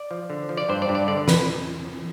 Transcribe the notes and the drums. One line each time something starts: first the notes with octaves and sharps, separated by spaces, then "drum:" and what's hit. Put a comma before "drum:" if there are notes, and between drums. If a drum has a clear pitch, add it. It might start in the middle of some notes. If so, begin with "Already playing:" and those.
Already playing: D5
F3
D3
F3
D5
G2 C5
D5
G2
D5
D3 D5
B4, drum: snare